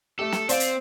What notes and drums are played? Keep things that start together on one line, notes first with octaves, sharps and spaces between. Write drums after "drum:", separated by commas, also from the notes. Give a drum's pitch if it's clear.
A3 G4 A4
drum: snare
C4 C5 D5 F5, drum: hi-hat
drum: hi-hat